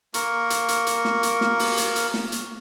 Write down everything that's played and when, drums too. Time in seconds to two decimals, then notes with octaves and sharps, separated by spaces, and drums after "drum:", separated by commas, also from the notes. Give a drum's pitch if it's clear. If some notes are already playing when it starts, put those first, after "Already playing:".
0.14 A#3 A#4 C#6, drum: hi-hat
0.50 drum: hi-hat
0.68 drum: hi-hat
0.87 drum: hi-hat
1.05 drum: snare
1.23 drum: hi-hat
1.41 drum: snare
1.59 drum: open hi-hat
1.77 drum: hi-hat
1.96 drum: hi-hat
2.14 drum: snare
2.32 drum: hi-hat